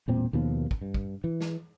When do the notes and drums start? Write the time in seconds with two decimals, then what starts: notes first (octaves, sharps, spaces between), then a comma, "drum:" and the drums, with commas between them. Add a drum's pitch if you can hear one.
0.08 E1 A#2 C4
0.33 D#2 B2 D#3 F3
0.71 drum: kick
0.81 G2
0.94 drum: kick
1.24 E3
1.41 drum: snare